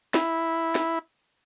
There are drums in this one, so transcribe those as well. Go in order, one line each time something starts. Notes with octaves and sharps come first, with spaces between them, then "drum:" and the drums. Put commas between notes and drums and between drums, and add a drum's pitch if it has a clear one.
E4, drum: snare
drum: snare